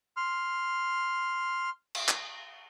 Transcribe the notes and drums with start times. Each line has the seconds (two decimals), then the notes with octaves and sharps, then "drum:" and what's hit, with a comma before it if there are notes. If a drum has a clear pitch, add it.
0.17 C6 F6
1.95 drum: cymbal
2.08 drum: clap